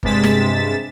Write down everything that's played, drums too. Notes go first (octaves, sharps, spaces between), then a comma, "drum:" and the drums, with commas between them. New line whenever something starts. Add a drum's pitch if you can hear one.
G2 C3 G#3 A6 B6 E7, drum: kick G1
drum: snare